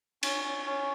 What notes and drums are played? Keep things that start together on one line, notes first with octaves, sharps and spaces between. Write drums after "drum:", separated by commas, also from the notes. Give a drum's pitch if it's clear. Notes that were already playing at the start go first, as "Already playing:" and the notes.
C#4, drum: cymbal
C#4
C#4